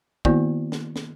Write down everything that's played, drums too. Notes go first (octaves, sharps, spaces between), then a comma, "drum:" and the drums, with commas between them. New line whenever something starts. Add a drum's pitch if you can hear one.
D#3 A#3 B3 E4 F#4 D5, drum: kick
drum: snare
drum: snare